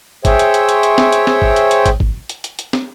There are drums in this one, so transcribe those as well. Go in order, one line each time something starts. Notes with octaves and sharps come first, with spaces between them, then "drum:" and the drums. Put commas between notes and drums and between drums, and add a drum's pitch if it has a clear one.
G#4 C5 C#5 E5 G5, drum: kick, hi-hat
drum: hi-hat
drum: hi-hat
drum: hi-hat
drum: hi-hat
drum: snare
drum: hi-hat
drum: snare
drum: kick
drum: hi-hat
drum: hi-hat
drum: kick, hi-hat
drum: kick
drum: hi-hat
drum: hi-hat
drum: hi-hat
drum: snare